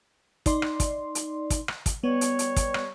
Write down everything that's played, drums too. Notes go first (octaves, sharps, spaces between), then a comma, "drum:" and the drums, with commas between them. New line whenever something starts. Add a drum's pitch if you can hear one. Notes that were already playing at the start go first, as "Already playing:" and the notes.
D#4 D5 C6, drum: kick, hi-hat
drum: rim click
drum: kick, hi-hat
drum: hi-hat
drum: kick, hi-hat
drum: rim click
drum: kick, hi-hat
G3 B3 C#5
drum: hi-hat
drum: hi-hat
drum: kick, hi-hat
drum: rim click